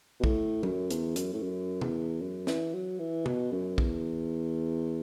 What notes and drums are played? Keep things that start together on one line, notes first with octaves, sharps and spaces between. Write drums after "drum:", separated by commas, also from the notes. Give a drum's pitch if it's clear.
B2
A2, drum: kick
F#2, drum: tom F#3
E2, drum: hi-hat
F#2, drum: hi-hat
A2
F#2
E2, drum: tom
F#2
E3, drum: snare
F#3
E3
B2, drum: tom
F#2
E2, drum: kick